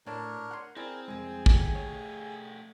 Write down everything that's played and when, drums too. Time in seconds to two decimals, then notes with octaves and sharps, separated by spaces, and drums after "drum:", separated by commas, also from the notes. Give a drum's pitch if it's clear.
0.06 A2 D4 A#4 C#5 D5 A5
0.51 F#5 C6
0.77 C4 E4 G#4 A#4 D5
1.08 C2 F2 G#3 G#4
1.46 A3 G4, drum: kick
1.75 C#5